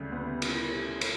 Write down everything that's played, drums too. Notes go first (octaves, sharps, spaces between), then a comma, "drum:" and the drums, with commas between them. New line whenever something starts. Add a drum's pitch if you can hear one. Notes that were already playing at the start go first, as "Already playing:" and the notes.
Already playing: D2 C#3 G3
B3
drum: cymbal
drum: cymbal